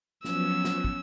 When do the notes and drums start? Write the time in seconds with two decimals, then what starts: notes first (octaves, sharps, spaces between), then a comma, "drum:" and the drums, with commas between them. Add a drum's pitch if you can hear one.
0.24 F3 F#3 B3 C#4 E6, drum: snare
0.64 drum: snare
0.84 drum: kick